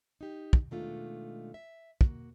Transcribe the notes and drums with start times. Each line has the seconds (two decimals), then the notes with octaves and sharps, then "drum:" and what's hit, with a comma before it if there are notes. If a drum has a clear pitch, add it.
0.21 D#4 G4
0.53 drum: kick
0.71 B2 D#3 G#3 A3 D4 F4
1.54 E5
2.01 A#3 F#4, drum: kick